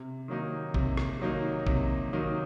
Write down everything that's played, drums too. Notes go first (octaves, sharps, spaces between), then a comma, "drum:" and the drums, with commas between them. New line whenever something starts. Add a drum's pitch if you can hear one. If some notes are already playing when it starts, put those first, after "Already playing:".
Already playing: C3
D#3 F#3 A#3 D#4
C3, drum: kick A1
drum: rim click
D#3 F#3 A#3 D#4
C3, drum: kick A1
D#3 F#3 A#3 D#4